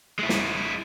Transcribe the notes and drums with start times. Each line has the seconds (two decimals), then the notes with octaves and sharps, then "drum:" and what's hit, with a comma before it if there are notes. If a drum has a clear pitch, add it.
0.19 G#3 E4
0.29 drum: snare